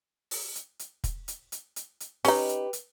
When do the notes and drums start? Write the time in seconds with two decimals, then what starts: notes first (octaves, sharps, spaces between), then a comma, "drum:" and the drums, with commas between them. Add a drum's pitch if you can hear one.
0.31 drum: open hi-hat
0.55 drum: hi-hat
0.79 drum: hi-hat
1.04 drum: kick, hi-hat
1.28 drum: hi-hat
1.52 drum: hi-hat
1.76 drum: hi-hat
2.00 drum: hi-hat
2.25 C#4 D#4 G4 B4, drum: open hi-hat
2.49 drum: hi-hat
2.73 drum: hi-hat